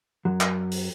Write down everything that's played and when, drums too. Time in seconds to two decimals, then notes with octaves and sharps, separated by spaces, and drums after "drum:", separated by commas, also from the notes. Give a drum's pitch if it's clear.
0.25 F#2 F#3
0.41 drum: clap
0.71 drum: open hi-hat